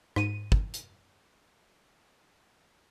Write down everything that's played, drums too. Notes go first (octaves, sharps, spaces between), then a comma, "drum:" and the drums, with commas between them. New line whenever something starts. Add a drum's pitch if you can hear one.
G#2 D#7, drum: rim click
drum: kick
drum: hi-hat